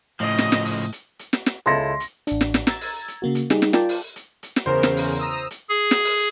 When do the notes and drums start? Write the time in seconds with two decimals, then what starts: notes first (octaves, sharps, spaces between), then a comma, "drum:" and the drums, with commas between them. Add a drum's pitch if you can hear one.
0.20 A2 C#3 F3 D#5
0.38 drum: snare
0.52 drum: snare
0.65 drum: open hi-hat
0.92 drum: hi-hat
1.19 drum: hi-hat
1.33 drum: snare
1.46 drum: snare
1.66 C#2 E4 A4 C6 A#6
2.00 drum: hi-hat
2.27 A1 D4, drum: hi-hat
2.41 drum: snare
2.54 drum: snare
2.67 A#5 E6 G#6 A6, drum: snare
2.81 drum: open hi-hat
3.08 drum: hi-hat
3.22 C#3 A#3 F#4
3.35 drum: hi-hat
3.50 G3 D#4 G4 G#4, drum: snare
3.62 drum: snare
3.73 F4 A#4 D5 G5 A5, drum: snare
3.89 drum: open hi-hat
4.16 drum: hi-hat
4.43 drum: hi-hat
4.56 drum: snare
4.66 E2 C#3 A#4 C5
4.83 drum: snare
4.97 drum: open hi-hat
5.19 A#5 D#6 E6
5.51 drum: hi-hat
5.69 G#4
5.91 drum: snare
6.04 drum: open hi-hat